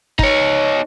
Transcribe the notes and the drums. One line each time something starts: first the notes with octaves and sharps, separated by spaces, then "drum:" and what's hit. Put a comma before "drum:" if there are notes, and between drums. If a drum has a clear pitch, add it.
D#4 C#5, drum: kick